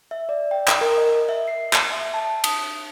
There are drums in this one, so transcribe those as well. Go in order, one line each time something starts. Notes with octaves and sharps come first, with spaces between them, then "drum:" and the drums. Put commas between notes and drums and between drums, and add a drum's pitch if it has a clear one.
E5
D5
G5
drum: clap
A#4
D#5
E5
C7
drum: clap
E5
A5
D#6, drum: cymbal